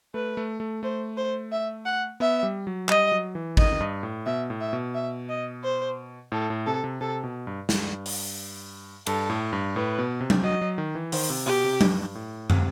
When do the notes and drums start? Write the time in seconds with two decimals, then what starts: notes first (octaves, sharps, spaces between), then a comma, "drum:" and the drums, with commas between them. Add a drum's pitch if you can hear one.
0.14 A3 B4
0.37 A3
0.60 A3
0.83 A3 C5
1.17 C5
1.52 E5
1.86 F#5
2.20 B3 E5
2.43 G3
2.67 F#3
2.89 G3 D#5, drum: clap
3.12 F#3
3.35 E3
3.57 D#3 D#5, drum: kick G#1
3.80 G2
4.03 A2
4.26 B2 E5
4.50 A2
4.61 E5
4.73 B2
4.95 E5
5.29 D#5
5.64 C5
6.32 A2 A4
6.50 A2
6.66 C3 A4
6.84 C3
7.01 C3 A4
7.24 B2
7.47 G2
7.69 G2, drum: snare
8.06 drum: open hi-hat
9.06 G2 A4, drum: cymbal
9.30 A2
9.53 G2
9.76 A2 B4
9.98 B2
10.21 C3
10.30 drum: tom F#3
10.43 F#3 D#5
10.61 F#3
10.78 D#3
10.95 E3
11.12 D#3 C5, drum: open hi-hat
11.30 C3
11.46 B2 G4
11.64 C3
11.81 G2, drum: tom F#3
12.15 A2
12.50 C3, drum: tom